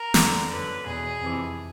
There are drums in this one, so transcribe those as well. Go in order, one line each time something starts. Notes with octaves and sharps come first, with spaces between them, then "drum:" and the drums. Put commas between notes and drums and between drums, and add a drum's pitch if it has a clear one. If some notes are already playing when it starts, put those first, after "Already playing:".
Already playing: A#4
F2 D3, drum: snare
F#2 D3 B4
E2 B2 G#4
F2 C3 E3